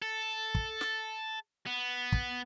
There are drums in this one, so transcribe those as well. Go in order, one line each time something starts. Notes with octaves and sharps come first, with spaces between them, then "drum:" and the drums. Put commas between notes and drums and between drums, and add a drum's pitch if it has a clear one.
A4
drum: kick
drum: snare
B3
drum: kick